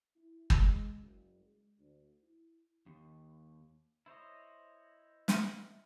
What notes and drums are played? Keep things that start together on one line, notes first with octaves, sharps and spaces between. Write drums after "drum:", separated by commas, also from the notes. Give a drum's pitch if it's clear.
E4
G#3, drum: kick
F#1
G#3
D2
E4
D#2
E4 C5 C#5 D#5
drum: snare